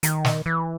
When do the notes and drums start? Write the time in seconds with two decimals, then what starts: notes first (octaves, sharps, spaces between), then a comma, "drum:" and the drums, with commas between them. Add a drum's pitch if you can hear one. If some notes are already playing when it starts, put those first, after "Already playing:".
0.03 D#3, drum: hi-hat
0.25 drum: snare
0.46 E3